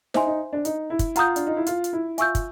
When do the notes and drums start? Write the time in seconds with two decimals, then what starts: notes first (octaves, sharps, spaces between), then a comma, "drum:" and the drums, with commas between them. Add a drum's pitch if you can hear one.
0.14 D#4 C5 E5 G#5 C6, drum: snare
0.27 D#4
0.53 D4
0.65 D#4, drum: hi-hat
0.90 E4
0.99 drum: kick, hi-hat
1.16 F4 F#5 A#5 D#6 G6, drum: hi-hat
1.36 D4, drum: hi-hat
1.47 D#4
1.57 E4
1.66 F4, drum: hi-hat
1.84 drum: hi-hat
1.93 E4
2.18 F4 E5 G#5 C#6 E6 G6, drum: hi-hat
2.35 drum: kick, hi-hat